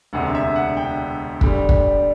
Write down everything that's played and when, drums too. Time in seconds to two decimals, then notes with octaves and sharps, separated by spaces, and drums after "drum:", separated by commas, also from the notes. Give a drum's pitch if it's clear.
0.13 E1 D2 C3 F#5
0.35 E5
0.56 F#5
0.77 G5
1.41 D2 D3 G3, drum: kick
1.69 drum: kick